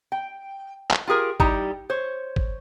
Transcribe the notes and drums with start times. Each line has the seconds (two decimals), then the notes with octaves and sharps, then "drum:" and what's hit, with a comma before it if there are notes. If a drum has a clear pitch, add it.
0.12 G5
0.91 drum: clap
1.07 F4 G4 G#4 A#4
1.40 G3 D#4 E4 G4, drum: kick
1.90 C5 C#5
2.36 drum: kick